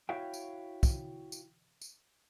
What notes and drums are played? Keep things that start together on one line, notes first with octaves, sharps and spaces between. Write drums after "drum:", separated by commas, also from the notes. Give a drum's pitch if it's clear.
E4 F#4 C#5 E5 F5 G5
drum: tambourine
drum: kick, tambourine
drum: tambourine
drum: tambourine